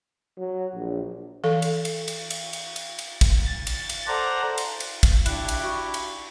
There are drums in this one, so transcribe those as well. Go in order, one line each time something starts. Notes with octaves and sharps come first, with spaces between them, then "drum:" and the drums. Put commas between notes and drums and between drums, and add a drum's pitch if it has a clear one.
F#3
A#1
E3 A4 F5
drum: cymbal
drum: cymbal
drum: cymbal
drum: cymbal
drum: cymbal
drum: cymbal
drum: cymbal
drum: kick, cymbal
A6
drum: cymbal
drum: cymbal
A4 C5 D5 F#5 A#5
drum: cymbal
drum: cymbal
drum: kick, cymbal
D4 E4 G4 F#6, drum: cymbal
drum: cymbal
F#4 C#6
drum: cymbal